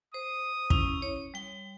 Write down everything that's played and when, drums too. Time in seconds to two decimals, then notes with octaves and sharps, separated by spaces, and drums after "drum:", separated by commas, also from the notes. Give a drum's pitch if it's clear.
0.14 C5 D#6
0.70 C#4 E4, drum: kick
1.02 C#5
1.34 G3 G5